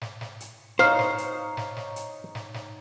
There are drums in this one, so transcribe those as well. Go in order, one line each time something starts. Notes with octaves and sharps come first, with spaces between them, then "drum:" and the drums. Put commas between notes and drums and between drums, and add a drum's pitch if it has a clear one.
drum: snare
drum: snare
drum: hi-hat
D#4 C5 C#5 F5, drum: snare
drum: snare
drum: hi-hat
drum: snare
drum: snare
drum: hi-hat
drum: snare
drum: snare